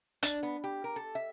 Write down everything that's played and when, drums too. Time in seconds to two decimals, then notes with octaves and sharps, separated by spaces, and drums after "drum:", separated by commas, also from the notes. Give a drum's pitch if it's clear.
0.23 D4, drum: hi-hat
0.43 B3
0.64 G4
0.84 A#4
0.96 A4
1.15 E5